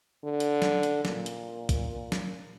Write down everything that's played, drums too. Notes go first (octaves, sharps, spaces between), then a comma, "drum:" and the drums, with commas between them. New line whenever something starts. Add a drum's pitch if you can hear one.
D3
drum: hi-hat
drum: snare
drum: hi-hat
A#2, drum: snare
drum: hi-hat
drum: kick, hi-hat
drum: snare